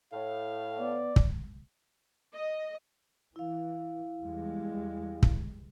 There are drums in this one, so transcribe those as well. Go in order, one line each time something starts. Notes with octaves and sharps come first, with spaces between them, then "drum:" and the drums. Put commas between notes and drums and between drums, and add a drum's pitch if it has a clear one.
A2 F5
B3 D5
drum: kick
D#5
E3 E4 F5
E2 G3 G#3
drum: kick